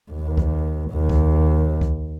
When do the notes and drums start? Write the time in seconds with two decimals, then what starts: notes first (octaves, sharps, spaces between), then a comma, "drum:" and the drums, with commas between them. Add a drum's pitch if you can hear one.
0.11 D#2
0.37 drum: kick C#2
0.91 D#2
1.09 drum: kick C#2
1.81 drum: kick C#2